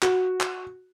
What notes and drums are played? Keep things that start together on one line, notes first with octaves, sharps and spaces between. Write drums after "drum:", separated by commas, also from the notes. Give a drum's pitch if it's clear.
F#4, drum: clap
drum: clap